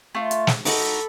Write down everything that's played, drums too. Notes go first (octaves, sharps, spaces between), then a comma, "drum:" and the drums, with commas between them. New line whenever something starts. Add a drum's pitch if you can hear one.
A3 F4
drum: hi-hat
drum: snare
D#4 F#4 A4 B5 D6, drum: open hi-hat